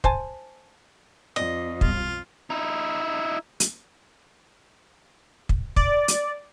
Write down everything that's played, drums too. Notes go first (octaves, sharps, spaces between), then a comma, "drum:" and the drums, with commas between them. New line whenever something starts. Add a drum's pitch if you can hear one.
C5 G#5 A5, drum: kick
F2 D5 D#5
B1 B2 G3 F4, drum: kick
D#4 E4
drum: hi-hat
drum: kick
D5, drum: kick
drum: hi-hat